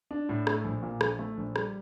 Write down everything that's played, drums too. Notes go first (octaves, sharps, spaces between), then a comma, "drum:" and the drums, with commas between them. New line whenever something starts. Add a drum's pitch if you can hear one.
D4
A2
A3, drum: rim click
A#1
A#2
A#1, drum: rim click
A3
A#1
G3, drum: rim click